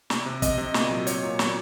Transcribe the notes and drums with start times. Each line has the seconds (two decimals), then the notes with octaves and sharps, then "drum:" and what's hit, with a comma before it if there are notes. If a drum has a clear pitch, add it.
0.10 C3, drum: snare
0.26 C3
0.42 C3 D#5, drum: kick, hi-hat
0.58 C3
0.74 A#2, drum: snare
0.90 F#3
1.07 F#3 C#5, drum: hi-hat
1.23 A#2
1.39 F#3, drum: snare